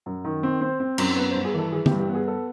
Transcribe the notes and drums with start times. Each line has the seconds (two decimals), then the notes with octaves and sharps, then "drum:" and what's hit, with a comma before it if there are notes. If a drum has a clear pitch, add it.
0.06 F#2
0.24 D#3
0.43 C4
0.61 C4 C5
0.80 C4
0.98 F#2, drum: cymbal
1.16 B3 B4
1.31 C5
1.35 G2
1.45 G#4
1.54 E3 A4
1.72 E3 G#4
1.86 G4, drum: tom D3
1.91 G2
2.00 G4
2.09 B3
2.15 G#4
2.27 A4